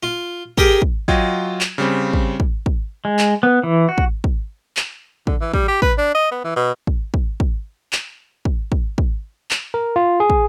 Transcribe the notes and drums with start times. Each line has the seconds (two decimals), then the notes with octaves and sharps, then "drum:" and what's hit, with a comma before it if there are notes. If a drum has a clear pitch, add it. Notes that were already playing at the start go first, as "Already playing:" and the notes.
0.03 F4
0.58 G4 G#4 A#4 G5, drum: kick
0.82 drum: kick
1.08 F#3 F4 D#5 G5 G#6, drum: kick
1.61 drum: clap
1.78 C#3 G3 C4
2.13 drum: kick
2.40 drum: kick
2.66 drum: kick
3.05 G#3
3.19 drum: clap
3.43 B3
3.63 E3
3.89 F#4
3.98 drum: kick
4.24 drum: kick
4.77 drum: clap
5.27 D3, drum: kick
5.41 E3
5.54 G3, drum: kick
5.68 G4
5.82 B4, drum: kick
5.98 D4
6.15 D#5
6.31 B3
6.44 E3
6.56 B2
6.87 drum: kick
7.14 drum: kick
7.40 drum: kick
7.93 drum: clap
8.45 drum: kick
8.72 drum: kick
8.98 drum: kick
9.51 drum: clap
9.74 A#4
9.96 F4
10.20 G#4
10.30 drum: kick